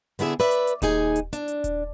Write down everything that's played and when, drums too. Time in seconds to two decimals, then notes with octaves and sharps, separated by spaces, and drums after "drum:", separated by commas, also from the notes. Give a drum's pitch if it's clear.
0.19 D3 B3 E4 G#4 E5, drum: hi-hat
0.40 B4 D5 E5
0.51 drum: hi-hat
0.67 drum: hi-hat
0.82 D#2 D#4 G#4 G#5, drum: kick D#1, hi-hat
1.16 drum: hi-hat
1.33 D4, drum: hi-hat
1.48 drum: hi-hat
1.64 drum: kick D#1, hi-hat